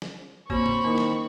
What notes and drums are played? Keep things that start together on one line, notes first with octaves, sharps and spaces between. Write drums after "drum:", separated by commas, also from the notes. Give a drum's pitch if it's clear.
drum: snare
A#3 C4 F#4 C#5 B5 C#6, drum: kick G#1
drum: tom
D#3 A#3 E4
drum: snare